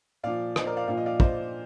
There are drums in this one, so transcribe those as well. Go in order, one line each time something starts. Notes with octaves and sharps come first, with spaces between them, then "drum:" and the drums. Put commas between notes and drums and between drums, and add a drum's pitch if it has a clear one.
A#2 F3 D5 F5
C5 D#5, drum: rim click
A#4 D5
D5 F5
A#2 F3 F5
D#5
D5 F5
C5 D#5, drum: kick